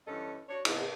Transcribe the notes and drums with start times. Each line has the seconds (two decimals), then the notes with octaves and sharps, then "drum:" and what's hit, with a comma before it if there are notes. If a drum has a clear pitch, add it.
0.07 G2 E3 C#4 A4 D#5
0.49 D4 F#4 C#5
0.65 G#2 C3 E3 B3 D#4, drum: cymbal